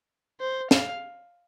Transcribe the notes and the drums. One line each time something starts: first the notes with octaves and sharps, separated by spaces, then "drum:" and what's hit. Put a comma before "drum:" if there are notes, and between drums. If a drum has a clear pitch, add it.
C5
F5, drum: snare